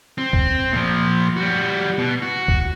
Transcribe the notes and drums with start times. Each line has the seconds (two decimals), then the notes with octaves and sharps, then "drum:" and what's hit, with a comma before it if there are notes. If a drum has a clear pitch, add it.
0.18 C4
0.33 drum: kick
0.72 A#2 F3
1.36 G3 F#4
1.98 B2
2.22 F#4
2.48 drum: kick